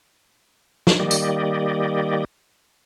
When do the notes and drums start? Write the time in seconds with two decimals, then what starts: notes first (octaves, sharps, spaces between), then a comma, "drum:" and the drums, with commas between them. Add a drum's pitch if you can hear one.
0.87 drum: snare
1.00 D#3 G3 A#3 G4 D5 D#5
1.11 drum: tambourine